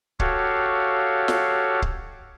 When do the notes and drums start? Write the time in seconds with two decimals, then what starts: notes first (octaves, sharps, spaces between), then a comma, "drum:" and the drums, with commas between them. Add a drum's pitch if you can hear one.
0.20 F#4 G4 A4 C#5 F5, drum: kick C#1
1.28 drum: snare
1.82 drum: kick C#1